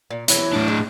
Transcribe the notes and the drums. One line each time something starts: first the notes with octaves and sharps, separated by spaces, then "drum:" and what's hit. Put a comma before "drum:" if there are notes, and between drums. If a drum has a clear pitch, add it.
A#2
E3 F#3 E4, drum: hi-hat
A2 D4
G#3